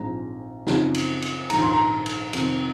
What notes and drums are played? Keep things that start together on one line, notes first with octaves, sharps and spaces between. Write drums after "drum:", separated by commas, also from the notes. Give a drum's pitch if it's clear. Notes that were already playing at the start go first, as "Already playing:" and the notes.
Already playing: A#1 G#2 F3 G#3 C4 A#5
F#2 C#3 F3 C4 D#4, drum: snare
drum: cymbal
drum: cymbal
A#1 G#2 D#3 A#5, drum: cymbal
C6
A#5
drum: cymbal
F2 C3 D#3, drum: cymbal